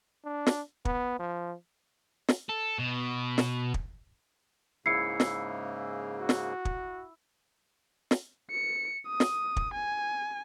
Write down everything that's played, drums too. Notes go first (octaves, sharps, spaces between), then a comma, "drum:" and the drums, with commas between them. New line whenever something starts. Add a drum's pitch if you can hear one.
D4
drum: snare
B3, drum: kick
F3
drum: snare
A4
B2
drum: snare
drum: kick
G#2 C#3 A#3 E4 C7 C#7
drum: snare
F#4
drum: snare
drum: kick
drum: snare
C#7
D#6
drum: snare
drum: kick
G#5